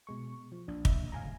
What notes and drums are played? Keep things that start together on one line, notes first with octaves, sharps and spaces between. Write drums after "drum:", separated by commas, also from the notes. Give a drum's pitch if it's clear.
B2 G#3 C#6
F3
A#1 D4
D#5 E5, drum: kick
D1 F2 C#3 F5 G#5 A#5